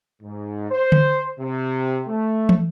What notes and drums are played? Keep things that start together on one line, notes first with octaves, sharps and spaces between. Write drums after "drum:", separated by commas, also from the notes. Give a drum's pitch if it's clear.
G#2
C5
drum: tom D3
C3
A3
drum: tom